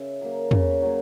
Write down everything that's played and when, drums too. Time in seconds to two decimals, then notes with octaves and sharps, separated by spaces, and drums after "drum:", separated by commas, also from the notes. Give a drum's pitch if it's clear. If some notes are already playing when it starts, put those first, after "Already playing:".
Already playing: C#3 E5
0.21 F#3 A#3
0.51 C#3, drum: tom
0.82 F#3 A#3